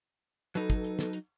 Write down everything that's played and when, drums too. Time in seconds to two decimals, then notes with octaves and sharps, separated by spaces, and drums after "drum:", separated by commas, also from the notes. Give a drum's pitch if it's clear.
0.55 F#3 D#4 A4 B4, drum: hi-hat
0.70 drum: kick, hi-hat
0.84 drum: hi-hat
0.99 drum: snare
1.13 drum: hi-hat